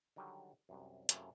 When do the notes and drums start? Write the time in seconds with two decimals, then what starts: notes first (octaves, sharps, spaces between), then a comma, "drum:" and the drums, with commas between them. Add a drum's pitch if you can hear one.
0.16 D3 D#3 F#3 G3
0.69 C2 F#2
1.09 F#2 C3 A3 A#3 E4 G#5, drum: hi-hat